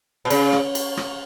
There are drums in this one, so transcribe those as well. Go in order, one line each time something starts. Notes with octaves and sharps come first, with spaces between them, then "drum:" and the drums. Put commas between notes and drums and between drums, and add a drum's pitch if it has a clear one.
B2
C#3, drum: cymbal
drum: rim click
drum: cymbal
drum: rim click